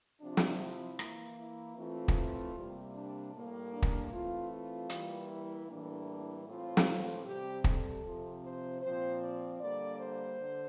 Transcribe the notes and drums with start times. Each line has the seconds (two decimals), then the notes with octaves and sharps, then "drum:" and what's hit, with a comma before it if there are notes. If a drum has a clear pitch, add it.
0.20 C3 F3 C4 D4
0.37 drum: snare
0.59 E4
0.99 E3 A#3, drum: rim click
1.38 E4
1.76 E3 A3 C4 F4
2.08 drum: kick
2.55 C3 G3 A#3
2.94 D4
3.34 A2 G3 A#3
3.73 D4
3.82 drum: kick
4.11 E3 A3 C4 F4
4.51 F4
4.89 E3 G3 A#3, drum: hi-hat
5.29 E4
5.68 A2 E3 G3 A#3 D4
6.46 A2 E3 A3 C4 F4
6.77 drum: snare
7.24 C3 G3 C4 G4
7.64 A4, drum: kick
8.03 C3 F3 C4
8.42 C5
8.81 A#2 F3 C4 C5
9.20 D5
9.60 D3 G3 A#3 D5
9.99 C5
10.38 D3